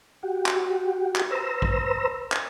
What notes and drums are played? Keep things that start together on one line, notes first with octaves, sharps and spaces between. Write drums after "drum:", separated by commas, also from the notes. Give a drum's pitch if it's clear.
F#4 G4
drum: clap
drum: clap
B4 C5 A#5 E6
drum: kick
drum: clap